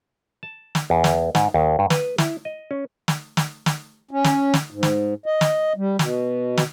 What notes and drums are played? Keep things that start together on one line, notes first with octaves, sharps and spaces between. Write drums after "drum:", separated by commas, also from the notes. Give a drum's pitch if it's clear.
A5
drum: snare
E2
drum: snare
G#2, drum: snare
D#2
G2
B4, drum: snare
E4, drum: snare
D#5
C#4
drum: snare
drum: snare
drum: snare
C#4
drum: snare
drum: snare
G#2
drum: snare
D#5
drum: snare
G3
B2, drum: snare
drum: snare